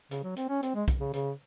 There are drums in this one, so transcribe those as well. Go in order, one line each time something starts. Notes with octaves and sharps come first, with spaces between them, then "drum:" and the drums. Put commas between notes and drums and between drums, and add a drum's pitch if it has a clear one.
C#3, drum: hi-hat
F#3
C4, drum: hi-hat
C#4
C4, drum: hi-hat
G#3
drum: kick B1, hi-hat
C#3
C#3, drum: hi-hat